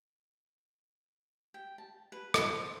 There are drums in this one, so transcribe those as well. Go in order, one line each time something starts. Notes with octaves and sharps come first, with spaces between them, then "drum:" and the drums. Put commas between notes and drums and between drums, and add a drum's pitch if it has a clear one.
G5
A5
B4
C5, drum: rim click